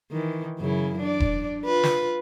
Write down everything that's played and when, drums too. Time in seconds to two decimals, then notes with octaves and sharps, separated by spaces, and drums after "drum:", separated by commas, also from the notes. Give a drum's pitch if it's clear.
0.11 D#3 E3
0.59 F#2 C#3 E4
0.99 D4 D5
1.20 drum: kick E1
1.65 F4 B4
1.83 drum: snare